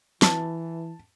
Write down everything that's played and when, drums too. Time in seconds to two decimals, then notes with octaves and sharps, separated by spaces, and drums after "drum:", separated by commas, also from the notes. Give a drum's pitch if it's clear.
0.22 E3 A5, drum: snare